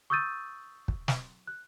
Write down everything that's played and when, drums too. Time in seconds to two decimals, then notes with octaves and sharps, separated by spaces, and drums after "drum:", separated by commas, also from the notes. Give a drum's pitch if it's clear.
0.10 C#6 D#6 E6 G6 A6 D#7
0.88 drum: kick
1.08 drum: snare
1.47 F#6